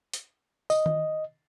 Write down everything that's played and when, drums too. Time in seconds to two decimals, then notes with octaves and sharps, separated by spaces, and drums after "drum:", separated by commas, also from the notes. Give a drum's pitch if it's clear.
0.14 drum: hi-hat
0.70 D#5, drum: tambourine
0.86 drum: tom D#3